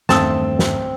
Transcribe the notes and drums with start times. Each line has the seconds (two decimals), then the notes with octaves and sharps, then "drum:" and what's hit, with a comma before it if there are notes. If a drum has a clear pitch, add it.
0.09 E2 G2 D#3 A3 C4 A5 D#6 E6, drum: snare
0.59 drum: snare